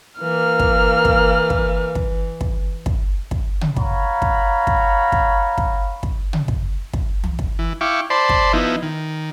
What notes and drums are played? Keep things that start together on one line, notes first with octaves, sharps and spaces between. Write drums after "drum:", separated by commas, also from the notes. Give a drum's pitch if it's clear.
E3 A#3 F6
drum: kick
drum: kick
drum: kick
drum: kick
drum: kick
drum: kick
drum: kick
drum: tom
C#5 F5 F#5 A#5 B5, drum: kick
drum: kick
drum: kick
drum: kick
drum: kick
drum: kick
drum: tom
drum: kick
drum: kick
drum: tom
drum: kick
E3
E4 F5 G5 C#6 D6
C5 D5 A5 B5 C6
drum: kick
F3 B3 D#4 E4
D#3